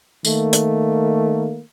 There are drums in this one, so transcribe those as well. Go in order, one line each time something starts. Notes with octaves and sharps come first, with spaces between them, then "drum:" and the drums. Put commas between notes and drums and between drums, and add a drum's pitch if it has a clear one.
D#3 A3 A#3, drum: tambourine
drum: hi-hat